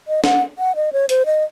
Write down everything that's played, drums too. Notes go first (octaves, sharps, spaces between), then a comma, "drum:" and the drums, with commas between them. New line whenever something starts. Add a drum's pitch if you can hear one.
D#5
F#5, drum: snare
F#5
D#5
C#5
C5, drum: hi-hat
D#5